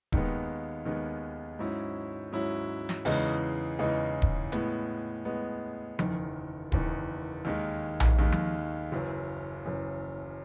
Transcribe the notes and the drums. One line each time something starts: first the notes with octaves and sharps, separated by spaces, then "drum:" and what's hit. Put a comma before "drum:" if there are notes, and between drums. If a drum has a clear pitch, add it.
D#2 D#3 G#3 B3, drum: kick D#1
D#2 D#3 G#3 B3
G#2 F#3 C#4 E4
G#2 F#3 C#4 E4
drum: snare
E2 C#3 E3 G#3 D#4, drum: open hi-hat
E2 C#3 E3 G#3 D#4
drum: kick D#1
A2 G#3 B3, drum: hi-hat
A2 G#3 B3
F#1 E2 D#3, drum: tom F3
F#1 E2 D#3, drum: kick D#1
D#2 D#3 G#3
drum: tom A#1
D#2 D#3 G#3
drum: tom F3
F#1 F#2 E3
F#1 F#2 E3